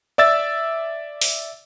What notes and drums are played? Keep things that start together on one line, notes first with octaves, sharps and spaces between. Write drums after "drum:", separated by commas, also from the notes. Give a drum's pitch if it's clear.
D5 E5 E6 A6
drum: open hi-hat